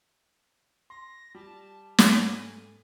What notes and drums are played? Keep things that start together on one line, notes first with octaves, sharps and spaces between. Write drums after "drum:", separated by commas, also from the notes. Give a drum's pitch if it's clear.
C6 A#6
G3 A5
G#2 A4 G#5, drum: snare